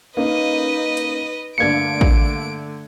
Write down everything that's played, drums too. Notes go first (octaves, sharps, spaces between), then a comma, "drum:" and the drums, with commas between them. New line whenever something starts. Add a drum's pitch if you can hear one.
A#3 C#4 D#4 B4 D#5
drum: hi-hat
G2 D3 A3 A#3 D4 G#6 C#7 D7
drum: kick